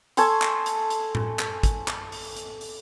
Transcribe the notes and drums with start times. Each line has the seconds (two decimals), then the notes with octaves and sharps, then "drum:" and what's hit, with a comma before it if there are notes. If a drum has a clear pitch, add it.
0.17 A4 G#5 C6 C#6, drum: hi-hat
0.42 drum: clap
0.66 drum: hi-hat
0.90 drum: hi-hat
1.15 drum: tom A2
1.39 drum: clap
1.63 drum: kick, hi-hat
1.88 drum: clap
2.12 drum: open hi-hat
2.37 drum: hi-hat
2.61 drum: open hi-hat